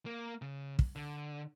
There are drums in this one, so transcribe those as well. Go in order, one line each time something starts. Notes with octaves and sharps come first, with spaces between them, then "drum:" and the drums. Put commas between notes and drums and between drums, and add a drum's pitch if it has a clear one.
A#3
C#3
drum: kick
D3